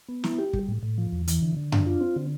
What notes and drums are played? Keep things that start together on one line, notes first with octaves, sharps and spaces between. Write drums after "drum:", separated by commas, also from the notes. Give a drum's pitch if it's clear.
B3
E4, drum: snare
G4
G3, drum: kick
A2
A2
F3
E2
E3, drum: hi-hat
D3
D3
D4, drum: tom F#2
F4
C4
D3